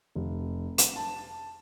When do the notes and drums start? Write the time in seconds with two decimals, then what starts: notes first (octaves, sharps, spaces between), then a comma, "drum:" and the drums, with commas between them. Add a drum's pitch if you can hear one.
0.15 F1
0.78 E7, drum: hi-hat
0.96 A5